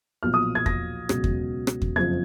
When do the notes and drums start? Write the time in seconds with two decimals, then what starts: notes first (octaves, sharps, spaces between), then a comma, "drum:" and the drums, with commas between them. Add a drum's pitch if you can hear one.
0.23 B1 A#2 F3 F6
0.34 D#6
0.55 G#6
0.66 A#6, drum: kick E2
1.09 C#2 B2 F#3, drum: rim click
1.24 drum: kick E2
1.67 drum: rim click
1.82 drum: kick E2
1.96 F#1 F2 F3 G#6